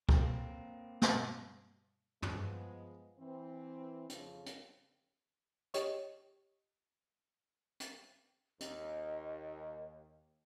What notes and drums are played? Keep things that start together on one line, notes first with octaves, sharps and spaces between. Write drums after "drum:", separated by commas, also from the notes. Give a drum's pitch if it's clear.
A#3 C4, drum: kick C#2
drum: snare
F3 G#3 B3, drum: tom
E3 C4
F2 C#3 F3, drum: hi-hat
drum: hi-hat
G4 C#5 D#5 C#6, drum: hi-hat
drum: hi-hat
D#2 D#5, drum: hi-hat